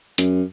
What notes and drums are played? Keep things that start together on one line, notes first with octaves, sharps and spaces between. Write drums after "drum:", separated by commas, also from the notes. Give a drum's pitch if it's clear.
F#2, drum: hi-hat